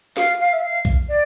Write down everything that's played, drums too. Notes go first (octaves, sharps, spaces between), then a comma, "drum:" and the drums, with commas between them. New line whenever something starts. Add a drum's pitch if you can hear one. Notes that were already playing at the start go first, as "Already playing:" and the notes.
F5, drum: snare
F5
E5
F5
drum: kick B1
D5